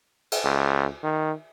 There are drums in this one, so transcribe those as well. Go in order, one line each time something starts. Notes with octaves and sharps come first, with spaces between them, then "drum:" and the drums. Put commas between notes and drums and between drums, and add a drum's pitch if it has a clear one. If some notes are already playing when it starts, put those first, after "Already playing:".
drum: cymbal
C#2
D#3